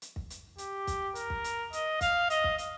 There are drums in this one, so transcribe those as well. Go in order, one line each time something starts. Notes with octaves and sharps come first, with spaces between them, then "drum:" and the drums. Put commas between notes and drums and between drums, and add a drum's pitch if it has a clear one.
drum: hi-hat
drum: kick
drum: hi-hat
G4, drum: hi-hat
drum: kick, hi-hat
A#4, drum: hi-hat
drum: kick
drum: hi-hat
D#5, drum: hi-hat
F5, drum: kick, hi-hat
D#5, drum: hi-hat
drum: kick
drum: hi-hat